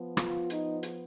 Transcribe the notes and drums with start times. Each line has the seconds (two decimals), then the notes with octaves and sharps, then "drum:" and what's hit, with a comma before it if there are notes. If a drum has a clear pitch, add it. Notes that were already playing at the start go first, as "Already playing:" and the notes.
Already playing: F3 B3
0.17 F4, drum: rim click
0.50 D#4, drum: hi-hat
0.83 drum: hi-hat